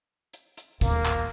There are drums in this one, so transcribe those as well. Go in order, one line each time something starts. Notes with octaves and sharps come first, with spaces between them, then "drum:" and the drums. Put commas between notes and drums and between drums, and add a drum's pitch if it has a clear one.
drum: hi-hat
drum: hi-hat
G#1 D#2 A#2 A#3, drum: kick, hi-hat
drum: clap